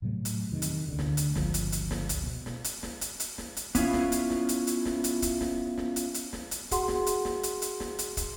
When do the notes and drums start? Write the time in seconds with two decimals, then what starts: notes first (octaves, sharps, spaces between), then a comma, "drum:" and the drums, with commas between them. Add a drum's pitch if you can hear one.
0.02 A2 C3 F#3 A3
0.25 drum: hi-hat
0.51 E2 C3 D#3
0.62 drum: hi-hat
0.89 D2 D3
0.99 drum: snare
1.17 drum: hi-hat
1.35 G1 C#2 F3, drum: snare
1.54 drum: hi-hat
1.72 drum: hi-hat
1.91 drum: snare
2.09 drum: hi-hat
2.24 B2
2.46 drum: snare
2.64 drum: hi-hat
2.83 drum: snare
3.01 drum: hi-hat
3.20 drum: hi-hat
3.38 drum: snare
3.57 drum: hi-hat
3.75 B3 C#4 E4 F4, drum: kick, hi-hat
3.93 drum: snare
4.12 drum: hi-hat
4.30 drum: snare
4.49 drum: hi-hat
4.67 drum: hi-hat
4.85 drum: snare
5.04 drum: hi-hat
5.22 drum: kick, hi-hat
5.41 drum: snare
5.78 drum: snare
5.96 drum: hi-hat
6.14 drum: hi-hat
6.33 drum: snare
6.51 drum: hi-hat
6.71 F#4 G#4 F#5 C6, drum: kick, hi-hat
6.88 drum: snare
7.06 drum: hi-hat
7.25 drum: snare
7.43 drum: hi-hat
7.62 drum: hi-hat
7.80 drum: snare
7.99 drum: hi-hat
8.17 drum: kick, hi-hat